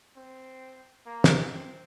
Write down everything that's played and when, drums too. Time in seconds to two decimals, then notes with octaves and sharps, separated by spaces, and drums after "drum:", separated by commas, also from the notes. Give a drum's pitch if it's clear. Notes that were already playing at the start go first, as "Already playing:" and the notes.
0.17 C4
1.06 A#3
1.24 drum: snare
1.51 C4